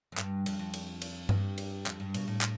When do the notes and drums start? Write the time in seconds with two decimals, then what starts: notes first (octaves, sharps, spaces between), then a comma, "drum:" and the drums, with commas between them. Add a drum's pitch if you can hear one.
0.12 F2
0.18 G2, drum: clap
0.46 F2, drum: cymbal
0.59 F2
0.74 drum: cymbal
1.02 drum: cymbal
1.29 G2, drum: tom G2
1.58 drum: cymbal
1.86 F2, drum: clap
2.00 G2
2.14 B2, drum: cymbal
2.28 A2
2.41 A2, drum: clap